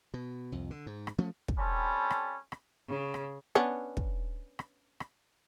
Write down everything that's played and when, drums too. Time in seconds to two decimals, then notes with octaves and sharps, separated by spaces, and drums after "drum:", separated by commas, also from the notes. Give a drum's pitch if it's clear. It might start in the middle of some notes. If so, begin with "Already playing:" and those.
0.14 B2
0.52 C2 F2
0.71 D3
0.86 G#2
1.07 drum: rim click
1.18 F3 A3 C#4
1.48 drum: kick
1.58 G3 C4 C#4 A4 A5 B5
2.10 drum: rim click
2.52 drum: rim click
2.88 C#3
3.14 drum: rim click
3.55 B3 C#4 D4, drum: rim click
3.97 drum: kick
4.59 drum: rim click
5.00 drum: rim click